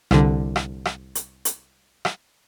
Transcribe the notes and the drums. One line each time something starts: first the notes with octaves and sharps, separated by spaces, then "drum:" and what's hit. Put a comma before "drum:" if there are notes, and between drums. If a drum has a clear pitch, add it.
C2 D3, drum: rim click
drum: rim click
drum: rim click
drum: hi-hat
drum: hi-hat
drum: rim click